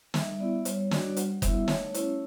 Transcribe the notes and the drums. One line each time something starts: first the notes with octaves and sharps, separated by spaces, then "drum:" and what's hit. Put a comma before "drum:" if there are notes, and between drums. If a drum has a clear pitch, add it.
G3 E5, drum: snare
B3 E4 D5
G3 C#5, drum: hi-hat
D4 F#4 D5, drum: snare
G3 F#5, drum: hi-hat
B3 E5, drum: kick F#1, hi-hat
E4
A3 C#5, drum: snare
C#4 E4, drum: hi-hat